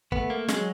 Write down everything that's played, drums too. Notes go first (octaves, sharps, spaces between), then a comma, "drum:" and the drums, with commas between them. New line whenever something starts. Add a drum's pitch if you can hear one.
A3 B3, drum: kick
A#3
F#3 G#3, drum: snare